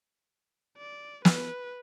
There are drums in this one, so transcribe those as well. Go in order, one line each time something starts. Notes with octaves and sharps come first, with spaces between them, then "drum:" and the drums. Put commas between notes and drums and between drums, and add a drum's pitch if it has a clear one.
D5
B4, drum: snare